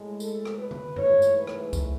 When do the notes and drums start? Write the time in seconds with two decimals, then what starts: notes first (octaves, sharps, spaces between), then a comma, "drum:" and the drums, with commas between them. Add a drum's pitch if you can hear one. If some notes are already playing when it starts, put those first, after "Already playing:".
Already playing: A2 G#3
0.20 A4, drum: tambourine
0.45 drum: rim click
0.58 B4
0.71 drum: tom D3
0.96 G#2 E3 A3 C#5, drum: tom G2
1.22 drum: tambourine
1.35 B4
1.47 drum: rim click
1.73 drum: kick C2, tambourine